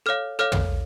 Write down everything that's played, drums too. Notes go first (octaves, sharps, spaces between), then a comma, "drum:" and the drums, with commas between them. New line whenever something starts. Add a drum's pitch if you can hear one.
A4 C#5 F5 F6
A4 C#5 F5 F6
drum: tom